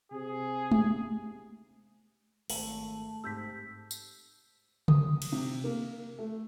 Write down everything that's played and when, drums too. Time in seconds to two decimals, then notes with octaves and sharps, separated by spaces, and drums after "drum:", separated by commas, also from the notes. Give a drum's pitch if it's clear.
0.12 C3 G#4
0.71 drum: tom G#3
2.50 G#1 A3 F#7, drum: open hi-hat
3.24 G#2 C3 E6 G6 B6
3.91 drum: tambourine
4.88 D#6, drum: tom C#3
5.22 drum: cymbal
5.32 C3
5.64 A#3
6.19 A3